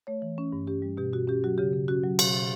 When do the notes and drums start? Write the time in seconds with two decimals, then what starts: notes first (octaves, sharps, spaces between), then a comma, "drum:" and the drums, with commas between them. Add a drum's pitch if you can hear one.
0.07 A3 C#5
0.22 E3
0.38 C#4
0.53 G2
0.67 C#4 G4
0.82 G3
0.97 B2 G4
1.13 B2 F#4
1.28 C#4 G4
1.44 F#3 F#4
1.58 C#3 G4
1.73 C#3
1.88 C#4 F#4
2.04 F#3
2.19 B2, drum: cymbal
2.34 B2